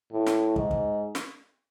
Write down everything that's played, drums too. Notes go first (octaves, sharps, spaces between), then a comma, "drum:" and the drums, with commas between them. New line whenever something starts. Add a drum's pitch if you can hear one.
A2
drum: snare
G#2, drum: kick
drum: kick
drum: snare